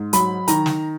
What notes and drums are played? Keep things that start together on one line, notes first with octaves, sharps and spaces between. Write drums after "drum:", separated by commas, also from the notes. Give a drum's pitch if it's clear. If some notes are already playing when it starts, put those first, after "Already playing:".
Already playing: G#2
F#3 B5, drum: hi-hat
D#3 A#5, drum: hi-hat
drum: snare